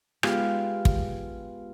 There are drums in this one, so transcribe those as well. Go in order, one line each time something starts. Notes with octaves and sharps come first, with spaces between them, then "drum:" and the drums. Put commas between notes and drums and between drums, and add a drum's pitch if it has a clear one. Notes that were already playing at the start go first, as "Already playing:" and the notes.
G#3 B3 F4 G4, drum: rim click
drum: kick